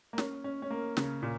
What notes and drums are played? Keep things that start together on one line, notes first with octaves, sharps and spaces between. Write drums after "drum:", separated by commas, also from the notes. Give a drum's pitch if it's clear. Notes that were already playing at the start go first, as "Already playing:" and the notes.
A#3
C#4, drum: snare
C#4
C#4
A#3
C#3, drum: snare
A#2